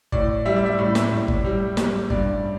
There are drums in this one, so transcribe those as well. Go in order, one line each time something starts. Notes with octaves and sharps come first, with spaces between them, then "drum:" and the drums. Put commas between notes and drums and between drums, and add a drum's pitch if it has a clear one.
A2 D5, drum: kick
G3 E5
D5
E5
A2
drum: snare
A2
drum: kick
G3
G3, drum: snare
G2 D5, drum: kick